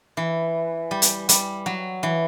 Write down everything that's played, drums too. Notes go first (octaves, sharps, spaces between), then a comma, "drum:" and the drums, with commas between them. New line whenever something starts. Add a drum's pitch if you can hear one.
E3
G3
drum: hi-hat
G3, drum: hi-hat
F#3
E3